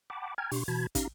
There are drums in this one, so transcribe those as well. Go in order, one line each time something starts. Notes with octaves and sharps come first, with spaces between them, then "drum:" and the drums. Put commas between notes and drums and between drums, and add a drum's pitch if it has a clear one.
F#5 G5 A5 B5 D6
G5 G#5 A#5 F6 G#6
B2 D4 G4 C6 C#6, drum: open hi-hat
B2 E3 F#4 A5 B5 G#6
C#4 D#4 G4 F5 A#5, drum: kick, hi-hat